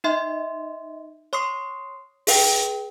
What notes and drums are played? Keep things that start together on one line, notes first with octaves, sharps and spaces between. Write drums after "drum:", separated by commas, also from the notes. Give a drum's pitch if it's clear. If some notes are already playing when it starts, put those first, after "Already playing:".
D#4 D#5 E5 C6
C#5 C6 C#6 D#6 C7
G#4 B4 G5, drum: open hi-hat